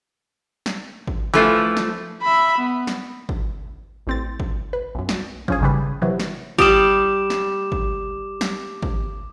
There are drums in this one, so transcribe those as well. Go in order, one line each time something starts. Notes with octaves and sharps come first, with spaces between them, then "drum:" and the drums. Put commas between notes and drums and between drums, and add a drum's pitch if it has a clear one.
drum: snare
drum: kick
E3 F3 A3 F4
drum: snare
E5 B5
B3
drum: snare
drum: kick
A1 C4 A6
drum: kick
B4
B1 F#2
drum: snare
F3 C#4 G#4, drum: kick
G#1 G#2 C#3 G3 B4
C3 E3 F#3
drum: snare
G3 G4 D6 D#6 E7, drum: kick
drum: snare
drum: kick
drum: snare
drum: kick